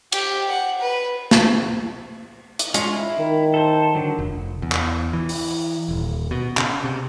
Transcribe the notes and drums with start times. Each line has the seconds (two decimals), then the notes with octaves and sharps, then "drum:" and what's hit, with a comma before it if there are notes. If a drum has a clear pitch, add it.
0.12 G4, drum: cymbal
0.50 F#5
0.81 B4
1.31 drum: snare
2.59 drum: hi-hat
2.74 G#3 C#4 F4, drum: hi-hat
2.94 E4
3.19 D#3
3.54 A4 C5
3.95 D3 F#3
4.19 F1
4.62 E2
4.72 drum: clap
5.13 E3
5.29 drum: open hi-hat
5.89 D#1
6.31 B2
6.57 C#3, drum: clap
6.84 C3